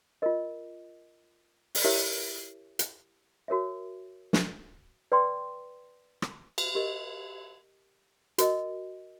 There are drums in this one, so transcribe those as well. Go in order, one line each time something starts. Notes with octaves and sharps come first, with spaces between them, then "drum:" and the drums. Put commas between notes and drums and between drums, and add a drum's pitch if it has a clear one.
F4 A#4 D#5
drum: open hi-hat
E4 G4 A#4 C#5 E5
drum: hi-hat
F#4 A#4 C#5 E5
drum: snare
B4 D5 G5 C6
drum: rim click
drum: cymbal
G4 A#4 D#5
F#4 A#4 D#5, drum: hi-hat